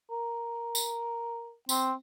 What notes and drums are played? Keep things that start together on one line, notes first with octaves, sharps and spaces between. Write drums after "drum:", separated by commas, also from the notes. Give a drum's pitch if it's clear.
A#4
drum: tambourine
C4, drum: tambourine